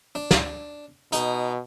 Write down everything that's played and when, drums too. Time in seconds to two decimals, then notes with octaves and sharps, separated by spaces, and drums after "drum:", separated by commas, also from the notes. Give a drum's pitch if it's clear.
0.15 D4
0.31 drum: snare
1.12 B2 D#4, drum: hi-hat